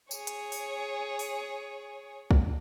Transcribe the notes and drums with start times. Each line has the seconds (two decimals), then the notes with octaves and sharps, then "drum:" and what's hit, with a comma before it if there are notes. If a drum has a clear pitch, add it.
0.11 G#4 C#5, drum: tambourine
0.27 drum: hi-hat
0.52 drum: open hi-hat
1.19 drum: open hi-hat
2.31 drum: kick